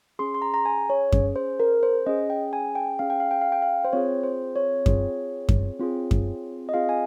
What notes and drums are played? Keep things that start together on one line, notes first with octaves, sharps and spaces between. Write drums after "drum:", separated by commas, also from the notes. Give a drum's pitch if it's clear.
C#4 G#4 C6
C6
A#5
A#5
G#5
C#5
C#4 G#4, drum: kick F#2
C5
A#4
C5
C#4 G#4 D#5
G5
G#5
G5
C#4 G#4 F5
G5
F5
G5
F5
G5
F5
C5
C4 F4 G#4 C#5
C5
C#5
C4 F4 G#4, drum: kick F#2
drum: kick F#2
C4 F4 G#4
drum: kick F#2
D#5
C4 F4 G#4 F5
G#5